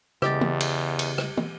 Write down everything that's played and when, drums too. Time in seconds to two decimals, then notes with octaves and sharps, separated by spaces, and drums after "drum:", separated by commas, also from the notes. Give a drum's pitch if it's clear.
0.22 E2 C#3 G4 D#5 A6, drum: rim click
0.41 drum: tom
0.61 drum: cymbal
0.99 drum: cymbal
1.18 drum: rim click
1.37 drum: tom